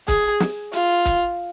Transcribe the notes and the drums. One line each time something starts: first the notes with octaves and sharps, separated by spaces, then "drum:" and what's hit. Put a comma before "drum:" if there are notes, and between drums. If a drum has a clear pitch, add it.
G#4, drum: kick, hi-hat
drum: snare
F4, drum: hi-hat
drum: kick, hi-hat